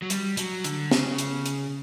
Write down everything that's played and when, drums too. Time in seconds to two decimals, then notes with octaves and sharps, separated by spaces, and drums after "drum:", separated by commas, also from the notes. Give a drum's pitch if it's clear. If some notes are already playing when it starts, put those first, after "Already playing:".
0.02 F#3
0.10 G3, drum: hi-hat
0.37 F#3, drum: hi-hat
0.64 D3, drum: hi-hat
0.91 C#3, drum: snare
1.18 drum: hi-hat
1.46 drum: hi-hat